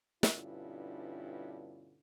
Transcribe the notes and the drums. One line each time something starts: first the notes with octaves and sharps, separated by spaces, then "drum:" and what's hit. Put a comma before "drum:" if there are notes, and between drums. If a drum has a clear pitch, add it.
G2 B2 D3 C#4 E4 F4, drum: snare